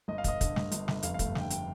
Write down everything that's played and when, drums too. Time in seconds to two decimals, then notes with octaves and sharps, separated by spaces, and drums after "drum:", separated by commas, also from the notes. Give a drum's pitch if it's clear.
0.08 G1 D#5
0.18 F5
0.24 G1 D#5, drum: kick, hi-hat
0.41 D3, drum: kick, hi-hat
0.56 G2, drum: snare
0.72 G1, drum: hi-hat
0.88 G1, drum: snare
1.03 F1 F5, drum: hi-hat
1.14 F5
1.19 A3, drum: kick, hi-hat
1.35 D3 G5, drum: snare
1.50 G5, drum: hi-hat